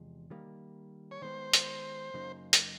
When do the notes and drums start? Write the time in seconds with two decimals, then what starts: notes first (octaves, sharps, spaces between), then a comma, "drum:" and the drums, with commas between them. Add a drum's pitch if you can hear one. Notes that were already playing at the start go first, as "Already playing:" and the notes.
Already playing: E2 C3 F3 G#3
0.30 D#3 G3 A#3
1.11 C#5
1.22 D#3 G#3 B3 C5
1.53 drum: hi-hat
2.14 F#2 C#3 F#3 A#3 D#4
2.53 drum: hi-hat